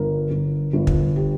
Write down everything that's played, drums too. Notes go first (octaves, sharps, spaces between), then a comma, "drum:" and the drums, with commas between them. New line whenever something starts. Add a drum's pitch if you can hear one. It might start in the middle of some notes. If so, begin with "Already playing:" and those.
Already playing: G1 A#4
G1
G1
drum: kick
G4